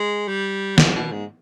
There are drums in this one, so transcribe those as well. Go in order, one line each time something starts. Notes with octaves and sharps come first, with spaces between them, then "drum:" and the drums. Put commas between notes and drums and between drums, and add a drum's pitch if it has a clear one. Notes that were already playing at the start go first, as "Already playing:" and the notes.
Already playing: G#3
G3
G#2, drum: snare
B2
G#2